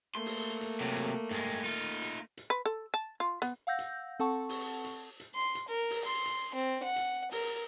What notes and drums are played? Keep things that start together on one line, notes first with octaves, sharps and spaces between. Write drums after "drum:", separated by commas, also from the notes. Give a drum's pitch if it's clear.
A3 A#3 C6
drum: open hi-hat
drum: hi-hat
C3 F#3
drum: hi-hat
G2 G#3, drum: hi-hat
D#4 F4
drum: hi-hat
drum: hi-hat
B4
A4
A5
F4
B3, drum: hi-hat
F5 F#5 E6 G6 A#6
drum: hi-hat
C4 A4 F#5 A5 C#6
drum: open hi-hat
drum: hi-hat
drum: hi-hat
C6
drum: hi-hat
A#4
drum: open hi-hat
C6
drum: hi-hat
C4
F#5
drum: hi-hat
A#4, drum: open hi-hat